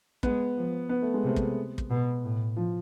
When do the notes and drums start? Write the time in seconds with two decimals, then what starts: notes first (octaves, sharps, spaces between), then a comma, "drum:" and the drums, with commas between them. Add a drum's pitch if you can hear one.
0.23 G#3 B3, drum: kick
0.57 F3
0.89 B3
1.02 A3
1.14 G#3
1.23 C3 A3
1.36 drum: kick
1.78 drum: kick
1.90 B2
2.24 A2
2.56 F3